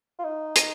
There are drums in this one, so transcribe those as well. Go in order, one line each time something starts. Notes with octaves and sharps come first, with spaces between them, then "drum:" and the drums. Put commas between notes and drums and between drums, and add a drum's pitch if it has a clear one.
F4
D#4
drum: hi-hat